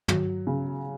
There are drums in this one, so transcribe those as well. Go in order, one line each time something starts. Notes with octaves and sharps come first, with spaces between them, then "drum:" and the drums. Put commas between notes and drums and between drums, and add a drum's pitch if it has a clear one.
F#3, drum: tom
C#3